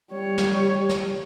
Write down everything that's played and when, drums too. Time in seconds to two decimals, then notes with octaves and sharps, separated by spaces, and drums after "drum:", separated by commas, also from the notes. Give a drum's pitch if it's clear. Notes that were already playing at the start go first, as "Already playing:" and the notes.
0.12 G3 C#5
0.38 drum: snare
0.89 drum: snare